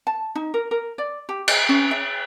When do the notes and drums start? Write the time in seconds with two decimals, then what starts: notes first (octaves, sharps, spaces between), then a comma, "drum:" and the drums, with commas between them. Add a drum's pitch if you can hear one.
0.07 A5
0.35 D#4
0.54 A#4
0.71 A#4
0.98 D5
1.29 G4
1.48 D#5, drum: cymbal
1.69 C#4
1.91 E5